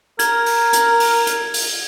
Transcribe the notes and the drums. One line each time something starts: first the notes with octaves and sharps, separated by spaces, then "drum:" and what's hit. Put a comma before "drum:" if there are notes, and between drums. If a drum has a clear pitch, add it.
A#4 G#6, drum: hi-hat
drum: open hi-hat
drum: hi-hat
drum: open hi-hat
drum: hi-hat
drum: open hi-hat